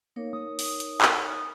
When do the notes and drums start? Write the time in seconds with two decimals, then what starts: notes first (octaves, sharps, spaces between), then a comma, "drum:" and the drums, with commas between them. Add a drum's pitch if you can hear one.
0.16 A#3 D#4 A#4 C#5
0.33 D#6
0.59 drum: open hi-hat
0.80 drum: hi-hat
1.01 drum: clap